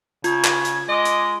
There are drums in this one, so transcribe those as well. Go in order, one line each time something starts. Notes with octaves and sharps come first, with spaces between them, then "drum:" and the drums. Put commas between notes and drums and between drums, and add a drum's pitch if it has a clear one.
C#3 F4 G#6, drum: hi-hat
drum: clap
drum: hi-hat
G#3 D#5 D6
drum: hi-hat